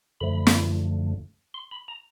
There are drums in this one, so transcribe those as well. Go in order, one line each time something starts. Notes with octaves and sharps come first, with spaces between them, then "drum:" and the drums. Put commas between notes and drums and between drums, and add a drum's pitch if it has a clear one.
F#2 D3 F3 A3 B5
drum: snare
C6
B5
A#5